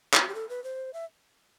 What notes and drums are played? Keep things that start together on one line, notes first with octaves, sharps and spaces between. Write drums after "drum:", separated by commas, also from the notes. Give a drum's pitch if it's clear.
E4, drum: clap
F#4
G4
A4
B4
C5
E5